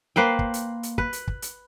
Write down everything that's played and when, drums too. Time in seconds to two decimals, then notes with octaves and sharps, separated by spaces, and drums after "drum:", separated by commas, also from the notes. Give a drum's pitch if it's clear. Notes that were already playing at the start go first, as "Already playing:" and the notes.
0.16 A#3 B4 C5 G5
0.39 drum: kick
0.54 drum: hi-hat
0.83 drum: hi-hat
0.98 B4, drum: kick
1.13 drum: hi-hat
1.28 drum: kick
1.42 drum: hi-hat